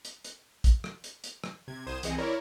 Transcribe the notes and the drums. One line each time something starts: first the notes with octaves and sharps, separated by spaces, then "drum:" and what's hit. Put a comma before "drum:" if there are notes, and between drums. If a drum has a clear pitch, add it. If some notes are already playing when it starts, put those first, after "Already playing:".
drum: hi-hat
drum: hi-hat
drum: kick, hi-hat
drum: rim click
drum: hi-hat
drum: hi-hat
drum: rim click
C3 G#6
C2 C5 D#6 G#6 E7
C2 E3 C4 G#4 D#5 C#7, drum: hi-hat
E4 A#4 C#5 D5